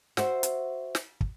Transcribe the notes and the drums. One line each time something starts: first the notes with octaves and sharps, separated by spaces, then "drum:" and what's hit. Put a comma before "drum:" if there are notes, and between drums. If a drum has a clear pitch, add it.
F#4 C5 E5, drum: snare
drum: hi-hat
drum: snare
drum: kick